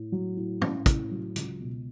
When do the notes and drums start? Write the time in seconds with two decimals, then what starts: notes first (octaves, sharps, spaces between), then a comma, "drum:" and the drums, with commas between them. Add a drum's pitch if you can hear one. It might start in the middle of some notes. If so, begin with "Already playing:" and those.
Already playing: A2
0.12 F#3
0.37 A2
0.62 C#4, drum: tom
0.86 A2, drum: kick, hi-hat
1.11 F#3
1.36 C#2, drum: hi-hat
1.60 B2